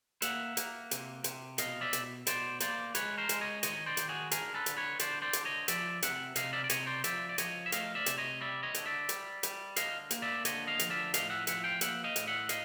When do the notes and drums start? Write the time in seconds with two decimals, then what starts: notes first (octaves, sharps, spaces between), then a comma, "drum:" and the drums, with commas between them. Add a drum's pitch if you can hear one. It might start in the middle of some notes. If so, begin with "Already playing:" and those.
0.22 A#3 E5 F#5, drum: hi-hat
0.57 A#3, drum: hi-hat
0.91 C3, drum: hi-hat
1.24 C3, drum: hi-hat
1.58 B2 D#5 F5, drum: hi-hat
1.81 D5 E5
1.93 B2, drum: hi-hat
2.27 B2 C5 D5, drum: hi-hat
2.60 A#3 C5 D5, drum: hi-hat
2.95 G#3 B4 C#5, drum: hi-hat
3.18 A#4 C5
3.29 G#3, drum: hi-hat
3.41 C#5 D#5
3.63 D#3 C#5 D#5, drum: hi-hat
3.86 C5 D5
3.97 D#3, drum: hi-hat
4.09 F#4 G#4
4.31 D3 G#4 A#4, drum: hi-hat
4.55 A4 B4
4.66 D3, drum: hi-hat
4.77 B4 C#5
4.99 D3 C5 D5, drum: hi-hat
5.22 C5 D5
5.33 D3, drum: hi-hat
5.45 C#5 D#5
5.68 F3 D5 E5, drum: hi-hat
6.02 C3 E5 F#5, drum: hi-hat
6.36 C3 D#5 F5, drum: hi-hat
6.53 D5 E5
6.64 D5
6.70 C3 C#5 D#5, drum: hi-hat
6.87 C5 D5
7.04 F3 D5 E5, drum: hi-hat
7.29 D5
7.38 F3 C#5 D#5, drum: hi-hat
7.66 E5
7.72 A3 D#5 F5, drum: hi-hat
7.95 D5 E5
8.06 C3, drum: hi-hat
8.18 C#5 D#5
8.41 G3 D5 E5
8.63 C#5 D#5
8.74 D3, drum: hi-hat
8.86 D5 E5
9.09 G3, drum: hi-hat
9.43 G3, drum: hi-hat
9.76 D3 D#5 F5, drum: hi-hat
10.11 A#3, drum: hi-hat
10.22 D5 E5
10.45 D3 C#5 D#5, drum: hi-hat
10.67 D#5 F5
10.79 F3, drum: hi-hat
10.90 D5 E5
11.14 A2 D#5 F5, drum: hi-hat
11.30 E5 F#5
11.47 F3 E5 F#5, drum: hi-hat
11.64 F5 G5
11.81 A#3 E5 F#5, drum: hi-hat
12.04 D#5 F5
12.16 A2, drum: hi-hat
12.27 E5 F#5
12.49 D#5 F5, drum: hi-hat